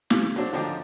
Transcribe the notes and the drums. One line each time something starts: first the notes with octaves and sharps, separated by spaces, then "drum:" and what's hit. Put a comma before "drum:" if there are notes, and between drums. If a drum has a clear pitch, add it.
C#3, drum: snare
F#3 D4 C5
D3 F3 D4 D#4 G5 D6